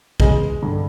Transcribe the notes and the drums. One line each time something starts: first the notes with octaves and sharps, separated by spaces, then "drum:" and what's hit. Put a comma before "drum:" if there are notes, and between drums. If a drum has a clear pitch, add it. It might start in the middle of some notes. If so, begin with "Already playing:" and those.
E2 C#3 E3 G#3, drum: kick A#1
G2 D3